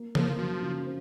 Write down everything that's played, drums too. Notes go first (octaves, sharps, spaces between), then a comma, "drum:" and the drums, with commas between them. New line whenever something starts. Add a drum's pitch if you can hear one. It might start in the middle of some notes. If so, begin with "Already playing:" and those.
Already playing: A#3
F3 A#3, drum: tom C#3
F#2 F3
C#3
C4